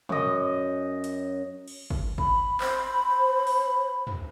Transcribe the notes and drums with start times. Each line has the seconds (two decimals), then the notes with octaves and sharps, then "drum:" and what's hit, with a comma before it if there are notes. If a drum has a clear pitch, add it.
0.09 F#2 D#5, drum: tom
1.04 drum: hi-hat
1.68 drum: cymbal
1.90 drum: kick
2.18 B5, drum: kick
2.60 C5, drum: clap
3.47 drum: open hi-hat
4.07 drum: tom